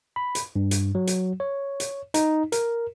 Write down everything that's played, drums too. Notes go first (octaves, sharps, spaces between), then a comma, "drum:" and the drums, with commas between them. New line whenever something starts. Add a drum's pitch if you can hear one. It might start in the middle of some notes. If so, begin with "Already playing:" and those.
B5
drum: hi-hat
G2
drum: hi-hat
F#3
drum: hi-hat
C#5
drum: hi-hat
D#4, drum: hi-hat
A#4, drum: hi-hat